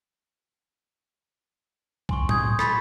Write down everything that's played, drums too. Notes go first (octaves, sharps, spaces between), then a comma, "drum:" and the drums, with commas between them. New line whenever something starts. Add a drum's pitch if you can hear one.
G#5 C6 C#6, drum: kick B1
D#6 G6 G#6, drum: tom A2
B5 A6 B6, drum: rim click